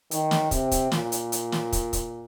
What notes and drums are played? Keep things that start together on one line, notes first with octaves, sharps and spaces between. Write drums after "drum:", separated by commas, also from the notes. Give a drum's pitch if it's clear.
D#3, drum: hi-hat
drum: snare
C3, drum: kick, hi-hat
drum: kick, hi-hat
A#2, drum: snare
drum: hi-hat
drum: hi-hat
drum: snare
drum: kick, hi-hat
drum: kick, hi-hat